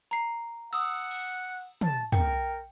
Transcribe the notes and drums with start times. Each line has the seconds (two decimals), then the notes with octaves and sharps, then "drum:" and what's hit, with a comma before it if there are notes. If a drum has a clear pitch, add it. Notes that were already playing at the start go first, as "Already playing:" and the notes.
0.11 A#5 C7
0.73 F#5 D#6 E6, drum: cymbal
1.11 drum: cymbal
1.81 A5, drum: tom
2.12 A#4 G5, drum: tom